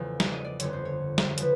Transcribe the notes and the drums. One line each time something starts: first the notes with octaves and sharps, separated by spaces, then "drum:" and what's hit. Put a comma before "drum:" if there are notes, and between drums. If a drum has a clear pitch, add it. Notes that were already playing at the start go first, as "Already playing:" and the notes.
Already playing: E1 E2 C#3 F3 A3
D5, drum: snare
D#5
D5
G1 F2 D3 C#5, drum: hi-hat
C5
C#5
drum: snare
C#3 F3 B4, drum: hi-hat